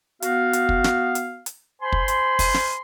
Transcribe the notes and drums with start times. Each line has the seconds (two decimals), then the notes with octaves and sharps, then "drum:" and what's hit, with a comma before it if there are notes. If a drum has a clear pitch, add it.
0.22 B3 F#4 F5, drum: hi-hat
0.53 drum: hi-hat
0.69 drum: kick
0.84 drum: snare
1.15 drum: hi-hat
1.46 drum: hi-hat
1.82 C5 G#5 B5 C6
1.92 drum: kick
2.08 drum: hi-hat
2.39 drum: kick, open hi-hat
2.54 drum: snare